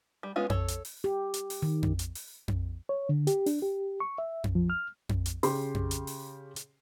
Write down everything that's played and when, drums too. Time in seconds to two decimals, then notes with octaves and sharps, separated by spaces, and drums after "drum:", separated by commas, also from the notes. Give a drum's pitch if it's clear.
0.23 G3
0.36 G#3 B3 C#4 F4
0.50 A4 C#5, drum: tom F2
0.68 drum: hi-hat
0.85 drum: open hi-hat
1.04 G4
1.34 drum: hi-hat
1.50 drum: open hi-hat
1.62 D#3
1.83 drum: tom F2
1.99 drum: hi-hat
2.15 drum: open hi-hat
2.48 drum: tom F2
2.89 C#5
3.09 D3
3.27 G4, drum: hi-hat
3.46 D4, drum: open hi-hat
3.62 G4
4.00 C#6
4.18 E5
4.44 drum: tom F2
4.55 F3
4.70 F6
5.09 drum: tom F2
5.26 drum: hi-hat
5.43 C#3 G4 C6, drum: open hi-hat
5.75 drum: tom F2
5.91 drum: hi-hat
6.07 drum: open hi-hat
6.56 drum: hi-hat